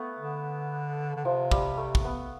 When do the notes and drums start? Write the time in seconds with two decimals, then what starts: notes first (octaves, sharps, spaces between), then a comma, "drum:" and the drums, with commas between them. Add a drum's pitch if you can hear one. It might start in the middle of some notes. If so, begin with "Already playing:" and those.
Already playing: A3 B3
0.19 D3
1.17 D3
1.25 C3 F3
1.51 G3, drum: kick
1.77 A3
1.95 drum: kick
2.05 B3